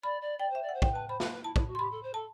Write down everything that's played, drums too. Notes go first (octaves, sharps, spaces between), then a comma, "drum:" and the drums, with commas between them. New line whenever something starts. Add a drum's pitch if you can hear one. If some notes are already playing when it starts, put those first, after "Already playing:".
D5 B5
D5
D5 G5
C5
E5
D5
F#5
C5
G5, drum: kick
B4 A5
C5 B5
B4, drum: snare
B4
E4 A5
E4, drum: kick
F#4
C6
G4 B5
A4
C5
A4 A5